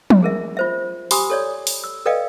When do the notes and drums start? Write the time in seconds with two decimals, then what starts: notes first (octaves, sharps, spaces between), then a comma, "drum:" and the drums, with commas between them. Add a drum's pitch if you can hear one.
0.10 drum: tom
0.23 G#4 A#4 E5
0.57 F4 C5 E5
1.11 G4 G#5 B5 C6 D6 D#6, drum: open hi-hat
1.30 A4 C#5 D5
1.67 drum: open hi-hat
1.84 E6
2.06 A4 B4 D5 D#5 F5 G5